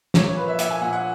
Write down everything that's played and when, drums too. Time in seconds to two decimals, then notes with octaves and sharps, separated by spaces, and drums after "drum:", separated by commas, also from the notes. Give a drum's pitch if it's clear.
0.14 A#2 C#5, drum: snare
0.26 C#5
0.37 F3 B4
0.48 E5
0.59 A#2 E5, drum: hi-hat
0.71 G#5
0.81 A#2 F#5
0.93 F#5